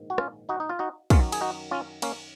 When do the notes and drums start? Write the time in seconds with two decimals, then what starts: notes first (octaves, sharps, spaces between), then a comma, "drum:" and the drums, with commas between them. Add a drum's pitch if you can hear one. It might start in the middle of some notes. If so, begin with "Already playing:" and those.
Already playing: A#1 G#2 D#3
0.10 F#4
0.18 C#4 F4, drum: rim click
0.49 D#4 F#4
0.60 D#4
0.69 F4
0.79 D#4 F#4
1.10 F#2 D#3 F#3 C#4 F4, drum: kick, cymbal
1.32 G#4, drum: cymbal
1.41 D#4 F#4
1.71 C#4 F4
2.02 A#3 C#4, drum: cymbal